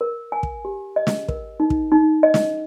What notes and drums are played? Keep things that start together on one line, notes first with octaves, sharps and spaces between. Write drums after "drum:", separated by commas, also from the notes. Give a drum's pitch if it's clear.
A#4
G#5
drum: kick
G4
D#5
drum: snare
A#4, drum: kick
D#4
drum: kick
D#4
D#5
drum: snare